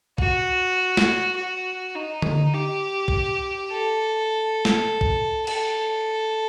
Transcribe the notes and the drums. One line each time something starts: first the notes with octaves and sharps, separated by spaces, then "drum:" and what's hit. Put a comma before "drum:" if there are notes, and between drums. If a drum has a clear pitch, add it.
F#4, drum: kick
drum: snare
F#4
D#4
drum: tom D3
G4
drum: kick
A4
drum: snare
drum: kick
A4, drum: cymbal